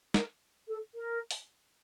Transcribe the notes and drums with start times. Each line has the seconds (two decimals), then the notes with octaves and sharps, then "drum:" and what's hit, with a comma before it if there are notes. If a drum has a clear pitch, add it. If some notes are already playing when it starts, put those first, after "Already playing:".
0.14 A#4, drum: snare
0.68 A4
0.95 A#4
1.31 drum: open hi-hat